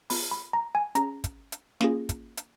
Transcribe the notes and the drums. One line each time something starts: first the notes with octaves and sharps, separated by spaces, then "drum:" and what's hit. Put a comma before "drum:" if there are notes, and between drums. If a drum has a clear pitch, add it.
B3 F4 G#4 B5, drum: open hi-hat
B5
A#5
G#5
C#4 G#4 A#5, drum: hi-hat
drum: kick, hi-hat
drum: hi-hat
A#3 C#4 F4 G#4, drum: snare
drum: kick, hi-hat
drum: hi-hat